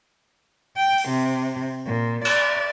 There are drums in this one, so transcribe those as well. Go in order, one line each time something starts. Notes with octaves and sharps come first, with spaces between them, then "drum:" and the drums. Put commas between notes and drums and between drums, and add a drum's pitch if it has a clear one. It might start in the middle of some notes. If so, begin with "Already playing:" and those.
G5
drum: open hi-hat
C3
A#2
D5, drum: cymbal